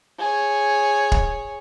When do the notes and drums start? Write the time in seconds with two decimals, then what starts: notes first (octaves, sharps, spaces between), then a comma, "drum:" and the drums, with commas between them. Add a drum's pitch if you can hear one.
0.19 G#4 C#5
1.12 drum: kick